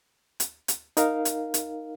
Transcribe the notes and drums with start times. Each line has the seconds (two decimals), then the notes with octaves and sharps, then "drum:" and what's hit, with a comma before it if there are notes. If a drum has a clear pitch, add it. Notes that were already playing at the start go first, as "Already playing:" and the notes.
0.40 drum: hi-hat
0.68 drum: hi-hat
0.97 D#4 A#4 F5, drum: hi-hat
1.25 drum: hi-hat
1.54 drum: hi-hat